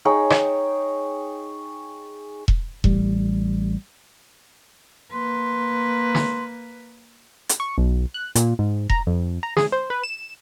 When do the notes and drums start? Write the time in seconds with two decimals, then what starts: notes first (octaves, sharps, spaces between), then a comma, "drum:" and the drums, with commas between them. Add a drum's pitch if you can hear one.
0.05 D#4 G#4 C#5 G5
0.30 drum: rim click
2.48 drum: kick E1
2.84 A1 G3, drum: kick E1
5.12 A#3 B4 C6
6.15 drum: snare
7.49 drum: hi-hat
7.60 C#6
7.78 B1
8.14 F#6
8.35 A#2, drum: hi-hat
8.59 G#2
8.90 A#5, drum: kick E1
9.07 F2
9.43 A#5
9.57 G#4, drum: snare
9.72 C5
9.90 B4
10.03 E7